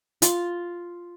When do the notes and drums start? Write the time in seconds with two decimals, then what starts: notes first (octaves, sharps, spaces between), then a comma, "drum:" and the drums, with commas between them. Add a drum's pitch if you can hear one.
0.22 F4, drum: hi-hat